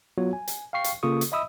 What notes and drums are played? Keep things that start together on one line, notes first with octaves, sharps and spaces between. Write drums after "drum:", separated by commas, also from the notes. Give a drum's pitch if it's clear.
F#3 B3 F4 F#4 C#5
G#5
drum: hi-hat
F5 G5 C#6 C7
drum: hi-hat
C#3 A#3 F4 A4 C#6 D#6
drum: hi-hat
D#5 E5 B5 D#6 E6